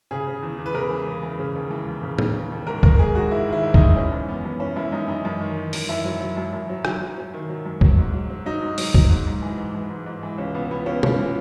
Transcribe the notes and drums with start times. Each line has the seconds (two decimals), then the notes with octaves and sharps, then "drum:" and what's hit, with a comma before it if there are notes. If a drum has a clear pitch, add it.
0.11 C#3 G#4
0.27 C#3
0.42 E2
0.58 E2
0.66 B4
0.74 C#3 A#4
0.90 E3
1.07 C#3
1.23 E3
1.39 C#3
1.55 D#2
1.70 E3
1.87 D#2
2.03 C#3
2.18 D#2, drum: tom A2
2.35 C#3
2.52 D#2
2.67 G#2 A#4
2.83 D#3 A#4, drum: kick
2.99 G#2 G#4
3.15 G#2 F#4
3.31 G#2 E4
3.48 D#3 E4
3.63 G#2
3.74 D#4, drum: kick
3.80 D#3
3.96 E3 C#4
4.12 F#2
4.28 E3 B3
4.44 F#2
4.60 E3 C#4
4.76 F#2 E4
4.92 F#2 D#4
5.08 E3 D#4
5.25 F#2
5.41 D#3
5.57 D#3
5.73 F#2, drum: open hi-hat
5.89 F#2 E4
6.05 F#3
6.20 F#3
6.37 F#2
6.53 F#2
6.69 F#3
6.85 F#3, drum: rim click
7.00 F#3
7.17 F#3
7.33 D#3
7.49 F#3
7.65 F#2
7.81 F#3, drum: kick
7.98 G#2
8.13 F#3
8.30 F#3
8.46 F#3 D#4
8.62 G#2
8.78 F#3, drum: open hi-hat
8.94 F#3, drum: kick
9.10 G#2
9.27 G#2
9.42 E3
9.58 G#2
9.74 E3
9.90 G#2
10.06 G#2
10.23 E3
10.38 C#2 C#4
10.54 C#2 B3
10.70 C#2 B3
10.86 C#2 C#4
11.03 C#2 C#4, drum: tom
11.18 E3